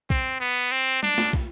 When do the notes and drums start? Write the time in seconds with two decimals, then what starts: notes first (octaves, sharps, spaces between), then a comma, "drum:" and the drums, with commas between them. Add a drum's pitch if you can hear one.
0.10 C4, drum: kick
0.40 B3
0.72 C4
1.03 D4, drum: tom G3
1.18 drum: snare
1.33 drum: kick